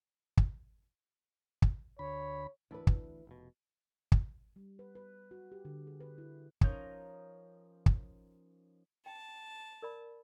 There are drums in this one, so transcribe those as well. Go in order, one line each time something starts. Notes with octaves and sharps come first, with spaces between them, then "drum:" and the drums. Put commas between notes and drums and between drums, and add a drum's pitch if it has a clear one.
drum: kick
drum: kick
D2 C#5 B5
D2 E3 D4 E4 B4
drum: kick
F1 B2
drum: kick
G3
B4
B4
F#4
G4
D3
G#4
B4
E4
F3 C#4 D#4 A#4 G6, drum: kick
drum: kick
G5 A5
A#4 D5 B5